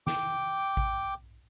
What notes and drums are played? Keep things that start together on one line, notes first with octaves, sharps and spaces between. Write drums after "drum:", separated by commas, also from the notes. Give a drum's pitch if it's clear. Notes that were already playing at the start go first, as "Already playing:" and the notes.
G5 D6, drum: snare
drum: kick A1